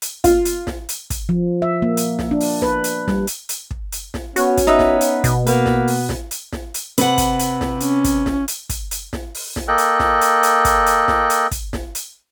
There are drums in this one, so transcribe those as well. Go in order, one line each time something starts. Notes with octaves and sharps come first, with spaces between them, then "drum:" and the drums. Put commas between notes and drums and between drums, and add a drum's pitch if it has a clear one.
drum: hi-hat
F4, drum: kick, hi-hat
drum: hi-hat
drum: snare
drum: hi-hat
drum: kick, hi-hat
F3
E5
A#3
drum: hi-hat
drum: snare
D4
drum: open hi-hat
B4, drum: snare
drum: hi-hat
G3, drum: snare
drum: hi-hat
drum: hi-hat
drum: kick
drum: hi-hat
drum: snare
B3 C#4 F#4, drum: hi-hat
drum: kick, hi-hat
B3 D#4 B4 E5
drum: snare
drum: hi-hat
B2, drum: kick, hi-hat
A#3 B3 B4, drum: hi-hat
drum: snare
drum: open hi-hat
drum: snare
drum: hi-hat
drum: snare
drum: hi-hat
C3 B4 F#5, drum: hi-hat
drum: kick, hi-hat
drum: hi-hat
drum: snare
C#4, drum: hi-hat
drum: kick, hi-hat
drum: snare
drum: hi-hat
drum: kick, hi-hat
drum: hi-hat
drum: snare
drum: open hi-hat
drum: snare
A#3 A4 D#5 G5 F#6
drum: hi-hat
drum: snare
drum: hi-hat
drum: hi-hat
drum: kick, hi-hat
drum: hi-hat
drum: snare
drum: hi-hat
drum: kick, hi-hat
drum: snare
drum: hi-hat